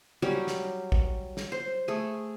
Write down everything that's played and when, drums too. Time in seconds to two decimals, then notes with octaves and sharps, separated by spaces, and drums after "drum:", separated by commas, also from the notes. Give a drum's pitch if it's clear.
0.22 F#3 G3 C#4 G4
0.47 drum: snare
0.92 drum: kick
1.37 drum: snare
1.52 C5
1.88 A3 G#4